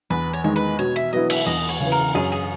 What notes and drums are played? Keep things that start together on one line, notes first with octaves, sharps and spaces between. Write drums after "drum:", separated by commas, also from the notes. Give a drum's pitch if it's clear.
E2 B4
C#5
D#3 G#3 D#4 C#5
B4
B2 C#5
E5
F#3 B3 E4 D#5
E5, drum: cymbal
E2 D#5
C#5
C#3 E3
A#4
F#2 G#4
G#4